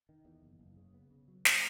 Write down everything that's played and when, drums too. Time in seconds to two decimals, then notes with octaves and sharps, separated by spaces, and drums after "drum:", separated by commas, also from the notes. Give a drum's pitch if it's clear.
0.09 D#3
0.25 E2
0.43 F#1
0.59 F#1
0.77 C#3
0.94 B3
1.11 C#3
1.28 F#3
1.45 A#3, drum: snare